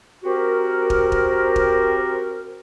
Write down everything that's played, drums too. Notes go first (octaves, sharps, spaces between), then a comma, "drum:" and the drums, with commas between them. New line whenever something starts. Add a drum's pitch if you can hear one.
C4 F#4 G4 A#4
drum: kick
drum: kick
drum: kick